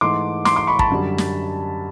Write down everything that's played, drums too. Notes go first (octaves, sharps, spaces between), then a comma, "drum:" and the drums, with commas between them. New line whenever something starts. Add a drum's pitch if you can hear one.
G#2 E3 A3 C6 D6
C6 D6, drum: snare
C6 D6
B5 C#6
A5 B5, drum: kick
F#2 D3 G3
drum: snare